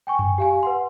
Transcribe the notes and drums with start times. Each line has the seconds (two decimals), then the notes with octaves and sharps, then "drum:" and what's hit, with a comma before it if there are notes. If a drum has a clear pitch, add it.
0.07 G5 G#5 C#6
0.19 drum: tom F#2
0.38 G4 F5 G#5
0.63 B4 F#5 C6